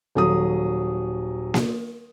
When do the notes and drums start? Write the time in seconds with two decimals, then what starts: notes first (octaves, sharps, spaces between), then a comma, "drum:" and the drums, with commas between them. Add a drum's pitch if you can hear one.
0.15 D#1 F#3 D#6
1.54 drum: snare A#3